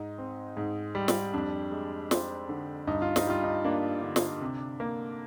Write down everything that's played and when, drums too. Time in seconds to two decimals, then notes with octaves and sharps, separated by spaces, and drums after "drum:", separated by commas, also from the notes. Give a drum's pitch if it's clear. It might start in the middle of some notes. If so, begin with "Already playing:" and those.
Already playing: G#2 D#4
0.18 C4
0.57 G#2
0.95 G3
1.08 drum: snare
1.34 F2 D4
1.72 G#3
2.11 C4, drum: snare
2.49 D3
2.87 G2 D#4
3.02 F4
3.16 D#4, drum: snare
3.27 G3 F4
3.44 D#4
3.65 A#3 D4
4.03 D3
4.16 drum: snare
4.41 C3
4.80 A#3